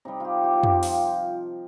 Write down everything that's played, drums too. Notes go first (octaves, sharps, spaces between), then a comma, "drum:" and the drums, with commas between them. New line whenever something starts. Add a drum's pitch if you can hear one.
C3 G3 D#4
F4 G4
G4
F4
G4, drum: tom F2
F4
F3, drum: open hi-hat